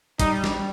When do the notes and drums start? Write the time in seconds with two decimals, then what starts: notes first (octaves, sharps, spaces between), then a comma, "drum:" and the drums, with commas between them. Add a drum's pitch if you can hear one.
0.19 G3 D#4, drum: kick, hi-hat
0.44 drum: snare